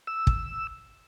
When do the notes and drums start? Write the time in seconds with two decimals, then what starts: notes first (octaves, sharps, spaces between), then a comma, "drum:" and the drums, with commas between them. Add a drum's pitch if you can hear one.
0.07 E6
0.27 drum: kick